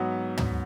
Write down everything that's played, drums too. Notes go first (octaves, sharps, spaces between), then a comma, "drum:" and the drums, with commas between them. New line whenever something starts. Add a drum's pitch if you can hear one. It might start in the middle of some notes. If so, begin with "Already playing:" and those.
Already playing: G#2 F#3 B3
drum: tom